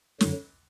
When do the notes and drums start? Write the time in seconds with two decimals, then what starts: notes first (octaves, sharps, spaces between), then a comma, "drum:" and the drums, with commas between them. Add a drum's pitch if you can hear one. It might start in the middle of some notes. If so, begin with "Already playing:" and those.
0.21 F#2 D3 F#3, drum: snare